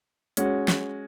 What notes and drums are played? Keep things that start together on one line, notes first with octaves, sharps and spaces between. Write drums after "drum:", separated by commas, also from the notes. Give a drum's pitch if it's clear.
G#3 C#4 F#4, drum: hi-hat
drum: snare